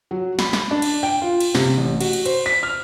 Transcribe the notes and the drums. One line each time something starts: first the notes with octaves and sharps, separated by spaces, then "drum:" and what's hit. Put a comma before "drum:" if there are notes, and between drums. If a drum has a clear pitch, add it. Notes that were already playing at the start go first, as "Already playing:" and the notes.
F#3
B5, drum: snare
drum: snare
D4
drum: cymbal
G5
F4
drum: cymbal
C3, drum: snare
A1
F#4, drum: cymbal
drum: cymbal
C5, drum: cymbal
B6
F6